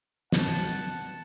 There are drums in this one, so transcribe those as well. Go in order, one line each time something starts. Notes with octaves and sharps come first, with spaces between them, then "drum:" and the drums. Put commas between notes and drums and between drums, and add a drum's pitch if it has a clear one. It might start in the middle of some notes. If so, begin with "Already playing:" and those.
F#5 A5, drum: snare